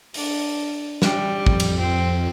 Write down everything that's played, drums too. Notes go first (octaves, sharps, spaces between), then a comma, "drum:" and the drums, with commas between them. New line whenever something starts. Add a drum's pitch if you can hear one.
D4, drum: open hi-hat
G3 G4, drum: snare
F2, drum: kick
drum: cymbal
C4